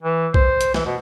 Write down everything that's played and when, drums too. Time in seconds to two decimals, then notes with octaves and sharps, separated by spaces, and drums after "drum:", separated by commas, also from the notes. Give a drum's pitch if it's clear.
0.02 E3
0.34 C5, drum: kick
0.61 drum: hi-hat
0.74 E3, drum: snare
0.86 B2